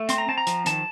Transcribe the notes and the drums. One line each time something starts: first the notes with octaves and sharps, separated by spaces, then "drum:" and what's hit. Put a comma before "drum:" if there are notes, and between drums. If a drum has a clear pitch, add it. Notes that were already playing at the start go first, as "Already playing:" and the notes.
Already playing: A3
C4 C6, drum: hi-hat
A#5
C4 A5
A#5
F3, drum: hi-hat
D#3 A5, drum: hi-hat